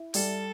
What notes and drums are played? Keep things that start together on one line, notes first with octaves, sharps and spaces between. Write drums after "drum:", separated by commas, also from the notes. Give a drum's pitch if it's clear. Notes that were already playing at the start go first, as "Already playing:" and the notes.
Already playing: E4
G3 A4, drum: open hi-hat